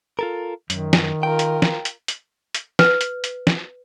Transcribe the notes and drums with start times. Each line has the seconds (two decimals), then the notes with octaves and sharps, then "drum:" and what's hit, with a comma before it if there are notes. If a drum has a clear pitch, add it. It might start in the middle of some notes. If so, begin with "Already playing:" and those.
0.19 F4 A4 A#4
0.70 F#2 D#3, drum: hi-hat
0.93 drum: snare
1.23 F4 A#4 G5
1.39 drum: hi-hat
1.62 drum: snare
1.85 drum: hi-hat
2.08 drum: hi-hat
2.55 drum: hi-hat
2.79 B4, drum: snare
3.01 drum: hi-hat
3.24 drum: hi-hat
3.47 drum: snare